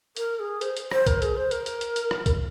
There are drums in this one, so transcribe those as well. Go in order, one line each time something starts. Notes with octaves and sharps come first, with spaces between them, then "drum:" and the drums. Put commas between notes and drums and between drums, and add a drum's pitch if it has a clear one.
A#4, drum: hi-hat
G#4
C5, drum: hi-hat
drum: hi-hat
C5, drum: rim click
A#4, drum: kick A#1, hi-hat
G#4, drum: hi-hat
C5
A#4, drum: hi-hat
drum: hi-hat
drum: hi-hat
drum: hi-hat
drum: rim click
drum: kick A#1, hi-hat